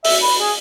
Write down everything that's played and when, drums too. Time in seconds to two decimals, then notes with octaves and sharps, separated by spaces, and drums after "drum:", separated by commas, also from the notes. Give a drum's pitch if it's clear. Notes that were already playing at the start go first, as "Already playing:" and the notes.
0.04 E5, drum: open hi-hat
0.22 B4
0.40 G#4